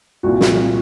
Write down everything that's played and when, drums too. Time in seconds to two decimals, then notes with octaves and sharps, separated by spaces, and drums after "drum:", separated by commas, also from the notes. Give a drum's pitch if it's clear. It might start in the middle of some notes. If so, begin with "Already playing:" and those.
0.23 C2 A#2 F#4
0.41 drum: snare